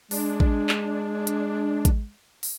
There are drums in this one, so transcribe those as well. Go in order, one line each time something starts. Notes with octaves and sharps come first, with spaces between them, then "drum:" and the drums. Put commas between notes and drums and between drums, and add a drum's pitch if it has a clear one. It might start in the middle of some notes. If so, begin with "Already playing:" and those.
G#3 D4, drum: open hi-hat
drum: kick A1
drum: clap
drum: hi-hat
drum: kick A1, hi-hat
drum: open hi-hat